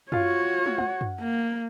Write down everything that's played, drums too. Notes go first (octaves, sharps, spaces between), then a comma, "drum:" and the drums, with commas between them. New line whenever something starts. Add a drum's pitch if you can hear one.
F4 F#4 C#5 F5, drum: tom F#2
drum: tom
F#5, drum: tom
drum: tom F#2
A#3